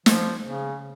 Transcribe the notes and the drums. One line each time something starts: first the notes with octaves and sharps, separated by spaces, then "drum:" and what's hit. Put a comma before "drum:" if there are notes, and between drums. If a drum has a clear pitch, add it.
F3, drum: snare
C#3